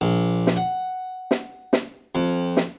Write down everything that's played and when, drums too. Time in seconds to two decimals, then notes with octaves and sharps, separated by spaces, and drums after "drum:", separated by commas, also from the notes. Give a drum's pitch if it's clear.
0.01 A#1
0.47 drum: snare
0.56 F#5
1.31 drum: snare
1.73 drum: snare
2.15 F2
2.57 drum: snare